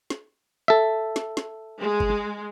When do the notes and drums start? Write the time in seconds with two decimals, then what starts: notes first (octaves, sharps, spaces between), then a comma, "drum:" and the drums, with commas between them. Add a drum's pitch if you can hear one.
0.10 drum: snare
0.68 A4 E5
1.16 drum: snare
1.37 drum: snare
1.79 G#3
2.00 drum: kick